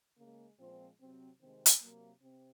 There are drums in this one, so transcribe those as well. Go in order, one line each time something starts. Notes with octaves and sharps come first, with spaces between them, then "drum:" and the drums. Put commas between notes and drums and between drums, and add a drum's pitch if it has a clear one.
C#3 G#3 A#3
A#2 F3 G#3 C4
C3 F#3 C4
C3 D#3 G#3 C4
drum: hi-hat
C3 F#3 A#3
C3 C4